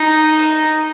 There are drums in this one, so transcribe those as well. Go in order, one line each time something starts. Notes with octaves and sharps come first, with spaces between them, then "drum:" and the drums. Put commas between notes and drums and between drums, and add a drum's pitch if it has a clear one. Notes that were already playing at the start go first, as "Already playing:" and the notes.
Already playing: D#4
drum: open hi-hat
drum: hi-hat